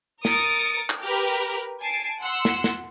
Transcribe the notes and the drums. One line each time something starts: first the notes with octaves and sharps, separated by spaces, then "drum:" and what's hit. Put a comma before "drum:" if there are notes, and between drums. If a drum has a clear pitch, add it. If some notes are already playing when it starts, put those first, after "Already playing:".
A#4 D#6 A6 C#7 D7, drum: snare
drum: clap
G4 A#4 B4
G#5 A5 C7 D7
F#5 C6 E6
drum: snare
drum: snare